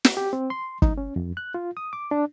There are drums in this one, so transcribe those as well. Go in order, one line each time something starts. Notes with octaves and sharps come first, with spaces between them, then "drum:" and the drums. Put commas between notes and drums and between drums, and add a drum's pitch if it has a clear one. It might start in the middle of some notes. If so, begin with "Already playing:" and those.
drum: snare
G4
C4
C6
D#4, drum: kick
C#4
F2
F#6
F4
D#6
D6
D4